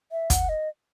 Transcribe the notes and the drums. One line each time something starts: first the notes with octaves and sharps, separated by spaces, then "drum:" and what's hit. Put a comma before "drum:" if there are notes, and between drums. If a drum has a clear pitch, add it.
E5
F#5, drum: kick, hi-hat
D#5